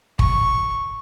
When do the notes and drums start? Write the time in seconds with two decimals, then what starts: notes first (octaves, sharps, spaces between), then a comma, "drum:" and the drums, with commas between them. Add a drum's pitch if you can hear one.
0.19 C#6, drum: kick